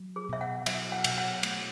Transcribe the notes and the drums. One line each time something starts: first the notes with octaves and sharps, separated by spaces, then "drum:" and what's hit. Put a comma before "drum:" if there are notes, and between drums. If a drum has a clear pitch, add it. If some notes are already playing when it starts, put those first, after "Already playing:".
Already playing: F#3
G#4
B2 E5
F#5
F#3 E5, drum: cymbal
F#5
B2, drum: cymbal
F#5
A3, drum: cymbal